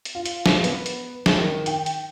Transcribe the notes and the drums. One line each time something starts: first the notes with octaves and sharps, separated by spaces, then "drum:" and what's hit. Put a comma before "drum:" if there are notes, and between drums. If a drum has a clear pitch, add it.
drum: hi-hat
F4
drum: hi-hat
drum: snare
B3, drum: hi-hat
drum: hi-hat
drum: snare
D#3
G5, drum: hi-hat
drum: hi-hat